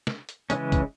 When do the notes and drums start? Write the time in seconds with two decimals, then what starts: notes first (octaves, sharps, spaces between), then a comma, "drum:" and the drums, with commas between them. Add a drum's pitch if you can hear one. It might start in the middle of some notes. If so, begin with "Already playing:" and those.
0.07 drum: snare
0.29 drum: hi-hat
0.50 C#3 E3 G#3 C#4, drum: hi-hat
0.72 drum: kick, hi-hat